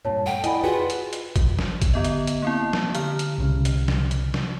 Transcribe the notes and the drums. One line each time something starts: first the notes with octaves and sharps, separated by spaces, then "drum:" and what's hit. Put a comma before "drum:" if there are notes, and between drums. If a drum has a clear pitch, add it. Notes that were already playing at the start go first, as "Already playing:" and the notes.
G2 A#2 C#5 A5
A3 F#5 G5
E4 D5 D#5 G#5 B5, drum: hi-hat
F4 F#4 G#4 B4 F#5
drum: hi-hat
drum: hi-hat
drum: kick G#1, hi-hat
drum: snare
drum: kick G#1, hi-hat
D3 B3 D#5
drum: hi-hat
drum: hi-hat
A#3 C4 E4
drum: snare
D3 F6, drum: hi-hat
drum: hi-hat
C2 C#3
drum: hi-hat
drum: snare
drum: hi-hat
drum: snare